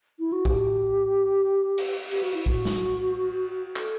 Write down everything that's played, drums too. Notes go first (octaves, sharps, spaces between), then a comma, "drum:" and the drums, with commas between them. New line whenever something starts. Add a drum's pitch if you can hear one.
E4
F#4
G4, drum: kick
drum: cymbal
G4, drum: cymbal
F#4
E4
F#4, drum: kick
drum: snare
A4, drum: clap